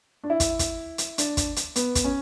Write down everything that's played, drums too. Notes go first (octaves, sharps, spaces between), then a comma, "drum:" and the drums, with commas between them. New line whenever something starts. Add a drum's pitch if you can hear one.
D4
E4
drum: kick, hi-hat
drum: kick, hi-hat
drum: hi-hat
D4, drum: hi-hat
drum: kick, hi-hat
drum: hi-hat
B3, drum: hi-hat
drum: kick, hi-hat
C#4